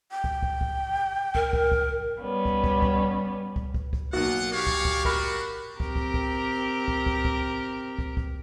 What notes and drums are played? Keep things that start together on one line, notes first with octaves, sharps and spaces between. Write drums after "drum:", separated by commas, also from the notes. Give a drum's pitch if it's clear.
G5
drum: kick
drum: kick
drum: kick
A#4, drum: kick
drum: kick
drum: kick
G3 B3 C#4
drum: kick
drum: kick
drum: kick
drum: kick
drum: kick
drum: kick
B1 A#3 F4 F#4 F#5
G4 C#5 D5 F5 C#6
drum: kick
drum: kick
D4 F#4 A#4 B5 F6, drum: kick
C4 G4 A#4, drum: kick
drum: kick
drum: kick
drum: kick
drum: kick
drum: kick
drum: kick
drum: kick